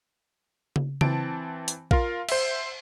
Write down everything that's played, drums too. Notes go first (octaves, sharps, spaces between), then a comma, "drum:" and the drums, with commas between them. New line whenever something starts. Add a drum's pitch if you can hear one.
drum: tom C#3
E3 C4 A5 D7, drum: tom C#3
drum: hi-hat
F4 A#4 F5, drum: kick A#1
C5 E5, drum: cymbal